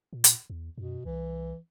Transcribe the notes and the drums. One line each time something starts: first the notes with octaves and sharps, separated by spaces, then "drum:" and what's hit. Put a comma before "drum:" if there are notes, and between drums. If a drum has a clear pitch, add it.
A#2
drum: hi-hat
E2
F#2 B2
C2 E3